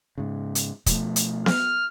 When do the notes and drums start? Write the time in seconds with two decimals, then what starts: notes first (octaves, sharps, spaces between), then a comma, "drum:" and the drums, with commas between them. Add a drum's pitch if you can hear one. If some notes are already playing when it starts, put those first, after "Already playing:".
0.18 G#2 C#3
0.55 drum: hi-hat
0.86 B2 F3 A3, drum: kick, hi-hat
1.16 drum: hi-hat
1.46 F6, drum: snare B3